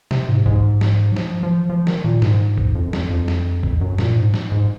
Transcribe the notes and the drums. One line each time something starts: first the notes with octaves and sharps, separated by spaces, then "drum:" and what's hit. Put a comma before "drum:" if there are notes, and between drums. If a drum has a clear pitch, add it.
C3, drum: snare
G#2
G#2, drum: kick
drum: snare
F#3
F3, drum: snare
F3
F3
D#3, drum: snare
A#2
G#2, drum: snare
drum: kick
F2
F#2
F2, drum: snare
F2
drum: snare
drum: kick
F#2
A#2, drum: snare
G#2
drum: snare
G#2